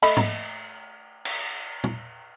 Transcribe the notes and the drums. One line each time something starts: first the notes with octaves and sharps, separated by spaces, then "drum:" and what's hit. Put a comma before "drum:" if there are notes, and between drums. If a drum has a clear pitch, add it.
A3 D#5 B5, drum: cymbal
drum: tom G#2
drum: cymbal
drum: tom